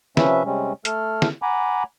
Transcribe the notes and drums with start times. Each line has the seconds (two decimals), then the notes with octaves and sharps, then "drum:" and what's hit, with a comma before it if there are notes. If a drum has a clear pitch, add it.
0.17 C3 F3 C#4 B4 E5, drum: snare
0.45 C3 G3 G#3 C4 C#4
0.85 A3 A4 F6, drum: hi-hat
1.22 drum: snare
1.42 F#5 G#5 A#5 B5 D6